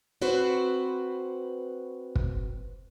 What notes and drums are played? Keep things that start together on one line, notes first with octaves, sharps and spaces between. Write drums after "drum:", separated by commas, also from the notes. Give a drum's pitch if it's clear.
C4 F#4 B4 C5
drum: kick